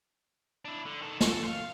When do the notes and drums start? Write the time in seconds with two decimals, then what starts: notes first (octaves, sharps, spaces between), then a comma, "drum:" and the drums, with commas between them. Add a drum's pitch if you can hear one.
0.65 D4 E4
0.86 D3
1.02 D#3 A4
1.20 A4, drum: snare
1.44 C5 F5